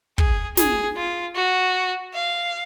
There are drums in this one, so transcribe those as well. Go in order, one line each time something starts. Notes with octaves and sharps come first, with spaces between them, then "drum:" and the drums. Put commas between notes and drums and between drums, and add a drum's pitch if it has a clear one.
G#4, drum: kick
G#4, drum: snare
F4
F#4
F5